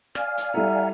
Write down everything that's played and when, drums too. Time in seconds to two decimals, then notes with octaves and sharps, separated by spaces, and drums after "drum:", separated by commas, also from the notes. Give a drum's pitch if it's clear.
0.15 D5 F5 G#5 F6, drum: rim click
0.37 drum: hi-hat
0.54 G3 E4 A4 E5 F#5 A#5